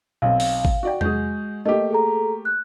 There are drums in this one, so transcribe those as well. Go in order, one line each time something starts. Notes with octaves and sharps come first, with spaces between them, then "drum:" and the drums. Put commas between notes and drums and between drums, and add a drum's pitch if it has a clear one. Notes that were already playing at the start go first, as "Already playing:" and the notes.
B1 C4 F5
drum: open hi-hat
drum: kick G#1
F#4 D5 G5
G#3 F#4 G#4 G6, drum: tom E2
A3 A#3 G4 D#5
G#4 A4 A#5
F#6